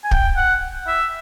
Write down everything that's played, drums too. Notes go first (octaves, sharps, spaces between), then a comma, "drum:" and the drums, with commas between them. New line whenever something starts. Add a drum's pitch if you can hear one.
G#5
G5, drum: kick
F#5
E5